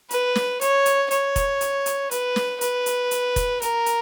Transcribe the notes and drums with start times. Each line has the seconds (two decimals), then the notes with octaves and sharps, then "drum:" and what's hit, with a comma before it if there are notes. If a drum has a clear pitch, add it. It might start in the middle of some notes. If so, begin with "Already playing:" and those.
0.11 B4, drum: hi-hat
0.35 drum: snare
0.61 C#5, drum: hi-hat
0.86 drum: hi-hat
1.11 C#5, drum: hi-hat
1.36 drum: kick F1, hi-hat
1.61 drum: hi-hat
1.86 drum: hi-hat
2.11 B4, drum: hi-hat
2.36 drum: snare
2.61 B4, drum: hi-hat
2.86 drum: hi-hat
3.11 drum: hi-hat
3.36 drum: kick F1, hi-hat
3.62 A#4, drum: hi-hat
3.86 drum: hi-hat